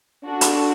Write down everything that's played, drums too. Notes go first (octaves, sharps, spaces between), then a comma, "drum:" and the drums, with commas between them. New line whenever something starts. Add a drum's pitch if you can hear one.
D4 F#4 A4
drum: hi-hat